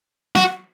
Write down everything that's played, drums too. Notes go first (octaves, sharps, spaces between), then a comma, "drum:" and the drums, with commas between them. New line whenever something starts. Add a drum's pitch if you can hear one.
F#4, drum: snare